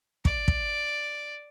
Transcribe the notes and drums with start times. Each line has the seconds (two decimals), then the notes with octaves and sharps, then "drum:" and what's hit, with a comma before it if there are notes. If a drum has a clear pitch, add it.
0.25 D5, drum: kick
0.48 drum: kick